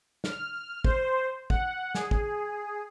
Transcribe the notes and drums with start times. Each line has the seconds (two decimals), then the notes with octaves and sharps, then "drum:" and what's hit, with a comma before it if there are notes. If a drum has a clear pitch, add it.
0.24 F6, drum: snare
0.84 C5, drum: kick
1.50 F#5, drum: kick
1.95 G#4, drum: snare
2.11 drum: kick